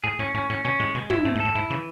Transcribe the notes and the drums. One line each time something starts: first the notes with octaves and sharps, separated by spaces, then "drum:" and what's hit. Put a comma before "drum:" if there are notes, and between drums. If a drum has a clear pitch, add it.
A2 G#4
A2 C#4
A2 C#4
A2 C#4
B2 C#4
A2 G#3
B2 G#3
G#2 E4, drum: tom
G#2 A3
G#2
A2 A4
G#2 E4
C#3 E3